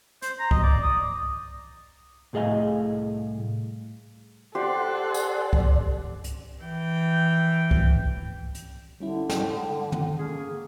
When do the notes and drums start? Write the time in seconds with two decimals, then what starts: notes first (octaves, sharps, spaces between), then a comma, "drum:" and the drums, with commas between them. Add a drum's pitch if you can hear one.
0.22 C5, drum: hi-hat
0.39 A#5
0.51 D#5, drum: kick C2
0.63 D5
0.83 D#6
2.33 C2 A2 G#4 D#5 F5 G#5
4.55 G4 A4 C5 D5 F#5 C6
5.14 drum: tambourine
5.53 drum: kick C2
6.24 drum: hi-hat
6.62 E3 G5
7.71 drum: kick C2
8.55 drum: hi-hat
9.00 D3 G3 C#4 E4
9.29 G5, drum: snare
9.92 drum: tom
10.19 A#3 C#4 G#4